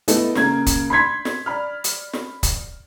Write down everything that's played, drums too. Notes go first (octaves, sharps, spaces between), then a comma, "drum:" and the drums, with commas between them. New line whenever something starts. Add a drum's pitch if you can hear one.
A3 B3 E4 A4 D#5, drum: hi-hat
C#3 A#3 G#6, drum: snare
drum: kick, hi-hat
B5 C6 G#6 B6
drum: snare
D5 B5 F6
drum: hi-hat
drum: snare
drum: kick, hi-hat